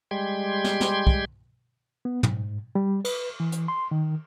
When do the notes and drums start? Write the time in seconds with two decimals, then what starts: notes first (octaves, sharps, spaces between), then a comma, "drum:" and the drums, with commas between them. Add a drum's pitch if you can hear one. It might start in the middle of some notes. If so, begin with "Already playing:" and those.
0.11 G3 G#3 G4 G5 C6 G#6
0.64 drum: snare
0.80 drum: snare
1.07 drum: kick
2.05 B3
2.23 G#2, drum: tom
2.75 G3
3.05 B4, drum: cymbal
3.40 E3
3.52 drum: hi-hat
3.68 C6
3.91 D#3